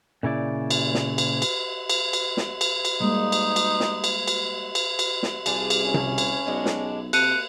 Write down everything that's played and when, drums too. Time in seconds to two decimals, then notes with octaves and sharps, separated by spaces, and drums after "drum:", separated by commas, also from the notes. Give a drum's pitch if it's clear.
0.23 A#2 C#3 E4 D5
0.70 drum: cymbal
0.94 drum: snare
1.18 drum: cymbal
1.42 drum: cymbal
1.90 drum: cymbal
2.13 drum: cymbal
2.37 drum: snare
2.61 drum: cymbal
2.85 drum: cymbal
3.01 G3 G#3 A#3 D#4
3.32 drum: cymbal
3.56 drum: cymbal
3.80 drum: snare
4.04 drum: cymbal
4.28 drum: cymbal
4.75 drum: cymbal
4.99 drum: cymbal
5.23 drum: snare
5.46 C2 F3 G#4 D5, drum: cymbal
5.70 drum: cymbal
5.85 C#4
5.94 drum: tom C3
6.18 drum: cymbal
6.47 B1 G#3 D4 F#4
6.66 drum: snare
7.13 C3 A#3 A4 F#6 C#7 D#7, drum: cymbal